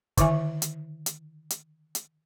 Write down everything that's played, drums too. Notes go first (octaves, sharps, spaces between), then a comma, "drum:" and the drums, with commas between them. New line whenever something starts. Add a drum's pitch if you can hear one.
D3 D#3 E4 E5 G#5, drum: kick, hi-hat
drum: hi-hat
drum: hi-hat
drum: hi-hat
drum: hi-hat